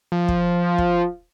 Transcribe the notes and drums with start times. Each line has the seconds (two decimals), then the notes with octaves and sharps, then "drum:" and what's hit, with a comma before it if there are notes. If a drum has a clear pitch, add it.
0.12 F3
0.28 drum: kick
0.78 drum: kick